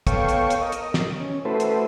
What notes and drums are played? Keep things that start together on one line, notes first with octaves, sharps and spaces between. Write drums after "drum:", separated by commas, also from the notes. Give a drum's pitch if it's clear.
B3 A4 C#5 F5 G5 C#6, drum: kick, hi-hat
drum: hi-hat
drum: hi-hat
A#4 D#5
drum: hi-hat
drum: snare
C#4
A3 E4 F#4 A4 B4 C5
drum: hi-hat